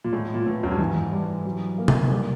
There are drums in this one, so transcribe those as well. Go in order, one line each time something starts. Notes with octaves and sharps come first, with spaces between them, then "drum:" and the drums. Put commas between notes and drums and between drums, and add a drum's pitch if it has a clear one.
A#2
A2 G#3
A#2
A2 B3
F#2
G2
G#2 E3
G3
F#3
A#3
drum: tom C3
G3